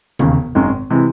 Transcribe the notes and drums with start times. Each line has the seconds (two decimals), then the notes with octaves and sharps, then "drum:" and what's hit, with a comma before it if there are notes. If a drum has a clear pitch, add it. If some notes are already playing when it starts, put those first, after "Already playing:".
0.19 E1 D#2 C#3, drum: tom C3
0.55 G#1 F#2 D#3 G#3
0.90 C3 E3 G#3